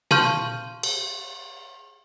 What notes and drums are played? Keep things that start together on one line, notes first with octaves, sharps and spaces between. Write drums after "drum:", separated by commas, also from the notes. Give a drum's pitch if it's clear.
F5 A5 C6 C#6 F6 G6, drum: tom
drum: cymbal